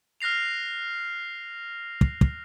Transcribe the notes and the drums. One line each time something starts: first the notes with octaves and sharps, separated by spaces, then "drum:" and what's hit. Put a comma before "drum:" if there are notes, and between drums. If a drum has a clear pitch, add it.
F6 F#6 A#6 C7 F7
drum: kick
drum: kick